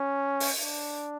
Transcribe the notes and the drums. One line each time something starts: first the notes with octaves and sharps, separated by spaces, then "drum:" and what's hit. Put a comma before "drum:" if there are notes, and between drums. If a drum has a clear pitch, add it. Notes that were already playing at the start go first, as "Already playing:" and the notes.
Already playing: C#4
drum: open hi-hat
D4